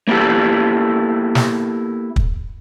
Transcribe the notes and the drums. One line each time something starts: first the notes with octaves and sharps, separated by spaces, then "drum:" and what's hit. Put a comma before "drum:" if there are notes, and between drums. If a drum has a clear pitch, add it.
A#3 B3 E4 G4 A4
drum: snare
drum: kick